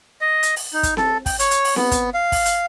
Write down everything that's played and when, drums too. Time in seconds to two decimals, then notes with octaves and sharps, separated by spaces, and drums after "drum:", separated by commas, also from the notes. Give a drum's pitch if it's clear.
0.21 D#5
0.43 drum: hi-hat
0.56 drum: open hi-hat
0.73 D#4
0.83 drum: kick, hi-hat
0.97 A4, drum: snare C4
1.26 G5, drum: kick, open hi-hat
1.39 C#5, drum: hi-hat
1.51 drum: hi-hat
1.64 drum: open hi-hat
1.76 B3, drum: snare C4
1.91 drum: kick, hi-hat
2.14 F5
2.32 drum: kick, open hi-hat
2.46 drum: hi-hat